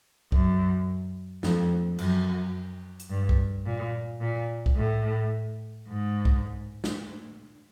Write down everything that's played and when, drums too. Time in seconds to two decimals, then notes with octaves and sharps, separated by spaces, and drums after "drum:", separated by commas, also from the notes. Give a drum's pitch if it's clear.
0.32 F#2, drum: kick
1.43 F2, drum: snare
1.99 F#2, drum: cymbal
3.00 drum: hi-hat
3.10 G2
3.29 drum: kick
3.66 A#2
4.21 A#2
4.66 drum: kick
4.77 A2
5.89 G#2
6.25 drum: kick
6.84 drum: snare